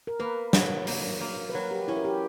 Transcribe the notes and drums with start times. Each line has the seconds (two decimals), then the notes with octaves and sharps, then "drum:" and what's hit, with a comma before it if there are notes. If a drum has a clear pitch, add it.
0.07 A#4
0.20 A#3 B4
0.53 F#3, drum: snare
0.87 A#3, drum: open hi-hat
1.21 A#3
1.49 B4
1.54 F#3 A#4
1.71 G4
1.88 C#4 E4
1.97 A#4
2.05 G4